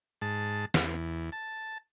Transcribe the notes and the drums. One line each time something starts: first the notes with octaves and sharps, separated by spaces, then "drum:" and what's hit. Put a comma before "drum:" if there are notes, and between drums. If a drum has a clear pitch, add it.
G#2 A5
E2, drum: snare
A5